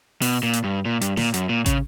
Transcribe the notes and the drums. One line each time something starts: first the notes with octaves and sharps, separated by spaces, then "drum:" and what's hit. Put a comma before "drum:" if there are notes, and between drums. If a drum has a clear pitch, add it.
B2, drum: open hi-hat
A#2
drum: hi-hat
G2
A#2
G2, drum: hi-hat
A#2, drum: snare
F#2, drum: hi-hat
A#2
C#3, drum: kick, hi-hat